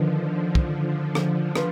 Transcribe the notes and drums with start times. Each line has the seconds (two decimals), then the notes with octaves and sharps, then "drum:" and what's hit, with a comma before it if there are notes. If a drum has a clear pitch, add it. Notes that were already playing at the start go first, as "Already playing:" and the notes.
Already playing: D3 D#3 F3 B3
0.35 D3 F3
0.55 drum: kick
1.15 drum: rim click
1.55 F4 B4, drum: rim click